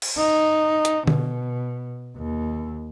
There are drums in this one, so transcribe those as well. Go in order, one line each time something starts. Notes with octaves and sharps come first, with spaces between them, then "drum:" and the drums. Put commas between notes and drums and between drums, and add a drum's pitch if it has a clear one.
drum: cymbal
D#4
drum: hi-hat
B2, drum: tom D3
D#2